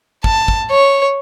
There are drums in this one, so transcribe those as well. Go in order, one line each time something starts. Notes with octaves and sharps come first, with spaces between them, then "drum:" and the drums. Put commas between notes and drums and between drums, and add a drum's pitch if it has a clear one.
A5, drum: kick
drum: kick
C#5